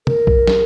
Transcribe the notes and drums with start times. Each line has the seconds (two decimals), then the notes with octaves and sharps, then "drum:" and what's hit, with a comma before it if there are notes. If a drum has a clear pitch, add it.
0.07 A#4, drum: tom
0.27 drum: kick
0.47 drum: snare